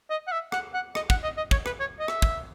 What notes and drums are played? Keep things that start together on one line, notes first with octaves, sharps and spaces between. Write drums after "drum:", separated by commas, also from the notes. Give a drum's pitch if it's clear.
D#5
F#5
E5
F#5, drum: rim click
F#5
D#5, drum: rim click
F#5, drum: kick
D#5
D#5
C#5, drum: kick
B4, drum: rim click
C#5
D#5
E5, drum: rim click
drum: kick